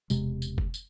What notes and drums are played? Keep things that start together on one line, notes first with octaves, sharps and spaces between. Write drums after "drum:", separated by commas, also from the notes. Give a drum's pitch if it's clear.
E1 C3 G#3, drum: tambourine
drum: tambourine
drum: kick F#1
drum: tambourine